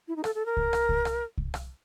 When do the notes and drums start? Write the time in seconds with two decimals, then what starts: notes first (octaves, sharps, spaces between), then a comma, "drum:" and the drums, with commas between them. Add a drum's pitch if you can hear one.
0.08 E4
0.16 D#4
0.24 A4, drum: rim click
0.35 A4
0.46 A#4
0.57 drum: kick C2
0.73 drum: rim click
0.89 drum: kick C2
1.05 drum: rim click
1.38 drum: kick C2
1.54 drum: rim click